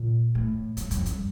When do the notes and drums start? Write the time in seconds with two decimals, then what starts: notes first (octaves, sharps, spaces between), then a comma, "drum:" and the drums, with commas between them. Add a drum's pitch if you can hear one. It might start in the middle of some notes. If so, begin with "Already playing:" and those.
Already playing: A#2
0.35 A2
0.77 G2, drum: hi-hat
0.91 F2, drum: kick, hi-hat
1.06 G2, drum: hi-hat